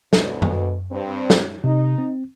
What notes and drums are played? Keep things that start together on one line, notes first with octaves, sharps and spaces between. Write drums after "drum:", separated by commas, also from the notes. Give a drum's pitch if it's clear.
D2 B2, drum: snare
drum: tom F#2
G2 C4
drum: snare
C3 D#4
C4